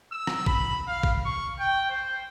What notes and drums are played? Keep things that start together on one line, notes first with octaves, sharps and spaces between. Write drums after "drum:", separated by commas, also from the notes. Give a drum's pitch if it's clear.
E6
drum: rim click
B5, drum: kick A1
F5
drum: kick A1
C#6
G5
C5